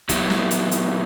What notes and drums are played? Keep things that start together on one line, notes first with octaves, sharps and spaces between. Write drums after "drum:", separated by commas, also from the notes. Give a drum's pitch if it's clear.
A#2 F#3 B3 E4 G4, drum: kick, hi-hat
drum: snare
drum: hi-hat
drum: hi-hat